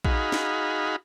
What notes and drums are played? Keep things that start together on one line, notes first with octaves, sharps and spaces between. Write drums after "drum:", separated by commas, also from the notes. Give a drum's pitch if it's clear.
D#4 F#4 G#4 F5 B5, drum: kick A#1
drum: snare